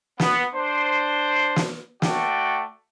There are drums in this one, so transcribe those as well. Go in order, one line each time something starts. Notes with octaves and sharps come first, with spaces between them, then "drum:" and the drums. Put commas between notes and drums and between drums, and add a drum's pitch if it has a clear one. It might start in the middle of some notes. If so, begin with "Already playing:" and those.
B3, drum: snare
D4 C5
drum: snare
A3 F#4 D5 G5, drum: snare